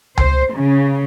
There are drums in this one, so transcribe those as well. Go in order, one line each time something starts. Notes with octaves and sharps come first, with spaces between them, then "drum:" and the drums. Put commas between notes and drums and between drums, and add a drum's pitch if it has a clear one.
C5, drum: tom C#2
C#3